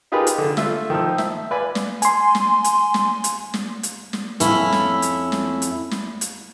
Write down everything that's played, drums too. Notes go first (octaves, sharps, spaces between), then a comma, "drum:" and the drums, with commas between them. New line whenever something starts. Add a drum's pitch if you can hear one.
D#4 F4 G4 G#4 A#4 B4
drum: hi-hat
D3
A3 F4 E5, drum: snare
D#3 F3 E6
E5, drum: snare
B4 D5 F5 G#5 B5
drum: snare
G#5 C6, drum: hi-hat
drum: snare
drum: hi-hat
drum: snare
drum: hi-hat
drum: snare
drum: hi-hat
drum: snare
F2 C#4 E4, drum: hi-hat
drum: snare
drum: hi-hat
drum: snare
drum: hi-hat
drum: snare
drum: hi-hat